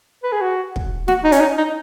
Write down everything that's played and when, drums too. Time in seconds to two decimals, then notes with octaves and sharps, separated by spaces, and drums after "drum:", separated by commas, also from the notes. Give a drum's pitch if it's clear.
0.23 B4
0.32 G#4
0.41 F#4
0.76 drum: kick
1.08 F#4, drum: snare
1.24 D#4
1.32 C#4, drum: hi-hat
1.40 D#4
1.58 D#4